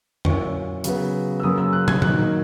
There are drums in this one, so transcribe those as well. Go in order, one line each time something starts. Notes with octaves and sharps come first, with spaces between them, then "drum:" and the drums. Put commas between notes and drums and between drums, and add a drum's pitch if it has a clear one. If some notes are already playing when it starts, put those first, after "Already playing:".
A#2 F#3 C#4 E4 C#6, drum: tom F2
C#3 F#3 B3, drum: hi-hat
E6
F#2 C#3 F#3 A#3 D#6
E6
F#6
G#6, drum: tom
D#3 F#3 A#3 D#4 F#6, drum: tom A#2